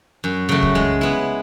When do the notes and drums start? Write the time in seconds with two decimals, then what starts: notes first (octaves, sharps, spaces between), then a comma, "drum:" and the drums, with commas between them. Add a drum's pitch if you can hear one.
0.24 F#2
0.49 C#3 F#3 A3
0.62 drum: kick
0.75 G#3
1.01 B3 E4